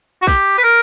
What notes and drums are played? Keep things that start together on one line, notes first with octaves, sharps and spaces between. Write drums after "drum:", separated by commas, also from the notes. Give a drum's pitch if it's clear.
F#4
G4, drum: kick
B4
A#4